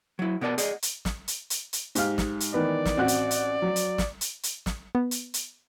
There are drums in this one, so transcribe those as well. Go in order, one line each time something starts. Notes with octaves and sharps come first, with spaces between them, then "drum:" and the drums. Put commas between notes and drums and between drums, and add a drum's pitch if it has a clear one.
F#3 E4
B2 B3 A#4 D5 D#5 A5
G#4 D5 D#5 F#5, drum: hi-hat
drum: hi-hat
drum: snare
drum: hi-hat
drum: hi-hat
drum: hi-hat
G#2 G4 F5, drum: hi-hat
drum: snare
drum: hi-hat
D#3 E3 B3 D5
drum: snare
A1 C4 F#4 F#5 F#6
drum: hi-hat
drum: hi-hat
F#3
drum: hi-hat
drum: snare
drum: hi-hat
drum: hi-hat
drum: snare
B3
drum: hi-hat
drum: hi-hat